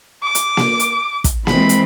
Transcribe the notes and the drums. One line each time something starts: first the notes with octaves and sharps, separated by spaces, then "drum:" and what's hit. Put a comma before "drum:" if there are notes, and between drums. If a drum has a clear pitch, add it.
D6
drum: hi-hat
drum: snare A#3
drum: hi-hat
drum: kick, hi-hat
E3 G#3 C4 B5, drum: snare A#3
drum: hi-hat